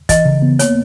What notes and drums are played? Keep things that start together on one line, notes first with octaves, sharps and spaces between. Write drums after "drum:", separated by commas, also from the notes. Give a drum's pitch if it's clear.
E3 D#5, drum: kick, hi-hat
C#3
B3
A#3 C#5, drum: hi-hat